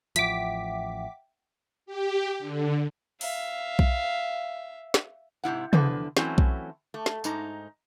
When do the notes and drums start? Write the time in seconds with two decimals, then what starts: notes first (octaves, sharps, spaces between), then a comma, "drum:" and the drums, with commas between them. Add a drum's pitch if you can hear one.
0.16 A1 F3 E5 F#5 G5 D6 B6, drum: hi-hat
1.86 G4
2.39 D3
3.21 E5 F5, drum: open hi-hat
3.79 drum: kick B1
4.94 drum: snare
5.44 G#2 C3 E4 F#5
5.73 E2 D3 F3 B4, drum: tom
6.17 E3 F#3 A3 C4 C#4 E4, drum: snare
6.38 drum: kick B1
6.94 A3
7.06 drum: snare
7.24 G#2 D#4 A#5, drum: tambourine